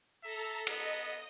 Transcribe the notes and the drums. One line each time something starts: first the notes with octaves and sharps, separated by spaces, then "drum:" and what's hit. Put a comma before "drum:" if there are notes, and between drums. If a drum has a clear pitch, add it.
A4 E5 A#5
B3 D#5, drum: cymbal